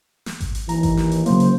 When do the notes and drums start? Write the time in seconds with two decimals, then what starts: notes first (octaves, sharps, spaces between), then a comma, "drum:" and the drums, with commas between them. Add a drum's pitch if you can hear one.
0.26 drum: snare
0.40 drum: kick G#1, hi-hat
0.55 drum: hi-hat
0.69 D#2 E3 A#5, drum: hi-hat
0.83 drum: kick G#1, hi-hat
0.97 drum: snare
1.12 drum: hi-hat
1.26 C#3 F#3 A#3 C5, drum: hi-hat
1.40 drum: hi-hat